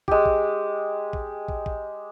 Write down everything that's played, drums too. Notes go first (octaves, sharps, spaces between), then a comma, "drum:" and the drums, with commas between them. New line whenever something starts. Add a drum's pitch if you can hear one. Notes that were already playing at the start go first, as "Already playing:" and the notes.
G#3 G4, drum: kick
drum: kick
drum: kick
drum: kick
drum: kick